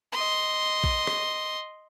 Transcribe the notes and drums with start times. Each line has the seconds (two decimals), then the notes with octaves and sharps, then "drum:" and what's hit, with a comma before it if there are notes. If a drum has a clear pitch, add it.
0.13 D#5 C6
0.84 drum: kick A#1
1.07 drum: rim click